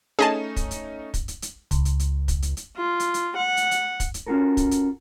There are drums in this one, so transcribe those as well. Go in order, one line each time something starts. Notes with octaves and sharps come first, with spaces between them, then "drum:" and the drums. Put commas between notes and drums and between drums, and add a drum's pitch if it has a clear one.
A3 C#4 D#4 G#4 D#5 A5
drum: kick, hi-hat
drum: hi-hat
drum: kick, hi-hat
drum: hi-hat
drum: hi-hat
C#2, drum: kick, hi-hat
drum: hi-hat
drum: hi-hat
drum: kick, hi-hat
drum: hi-hat
drum: hi-hat
F4
drum: hi-hat
drum: hi-hat
F#5
drum: hi-hat
drum: hi-hat
drum: kick, hi-hat
drum: hi-hat
C#4 F4 F#4 A4 A#4
drum: kick, hi-hat
drum: hi-hat